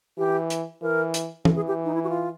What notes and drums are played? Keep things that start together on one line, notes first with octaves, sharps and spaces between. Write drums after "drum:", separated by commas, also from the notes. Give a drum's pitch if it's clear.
E3 G4
drum: hi-hat
E3 A#4
drum: hi-hat
E3 A4, drum: tom
G#4
G4
D#4
E4
F#4
F4